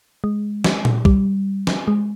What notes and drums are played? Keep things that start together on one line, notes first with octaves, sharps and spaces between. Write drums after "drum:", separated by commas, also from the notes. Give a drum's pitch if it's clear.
G#3
drum: snare
drum: tom A#2
G3, drum: kick
drum: snare
G#3